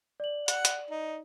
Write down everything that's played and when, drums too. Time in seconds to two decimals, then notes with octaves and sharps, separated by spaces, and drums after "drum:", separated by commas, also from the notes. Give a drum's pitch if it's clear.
0.20 D5 F#7
0.48 F#5, drum: hi-hat
0.65 drum: hi-hat
0.90 D#4